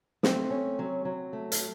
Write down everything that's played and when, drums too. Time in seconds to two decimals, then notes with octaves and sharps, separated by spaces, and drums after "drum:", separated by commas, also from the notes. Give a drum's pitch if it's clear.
0.23 A3 C4, drum: snare
0.51 C#4
0.79 F#3
1.05 F#3
1.33 A3
1.52 drum: hi-hat